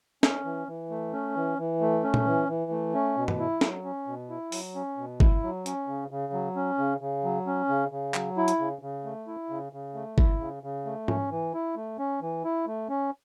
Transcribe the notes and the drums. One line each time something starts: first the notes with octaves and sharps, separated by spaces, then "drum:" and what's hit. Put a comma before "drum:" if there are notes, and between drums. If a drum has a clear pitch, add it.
C#4, drum: snare
E3
E3
A3
C#4
E3
E3
A3
C#4
drum: tom A#2
E3
E3
A3
C#4
B2
drum: tom
E4
F#3, drum: snare
C#4
B2
E4
F#3, drum: open hi-hat
C#4
B2
E4, drum: kick G1
F#3
C#4, drum: hi-hat
C#3
C#3
F#3
C#4
C#3
C#3
F#3
C#4
C#3
C#3
F#3, drum: clap
E4
drum: hi-hat
C#3
C#3
A3
E4
C#3
C#3
A3
E4, drum: kick G1
C#3
C#3
A3
C#4, drum: tom G#2
E3
E4
A3
C#4
E3
E4
A3
C#4